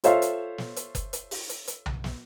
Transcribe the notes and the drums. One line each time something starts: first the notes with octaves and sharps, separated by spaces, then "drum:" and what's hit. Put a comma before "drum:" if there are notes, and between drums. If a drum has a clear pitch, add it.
F4 A4 C5 C#5 E5 F5, drum: hi-hat
drum: hi-hat
drum: snare
drum: hi-hat
drum: kick F#1, hi-hat
drum: hi-hat
drum: open hi-hat
drum: hi-hat
drum: hi-hat
drum: tom B1
drum: snare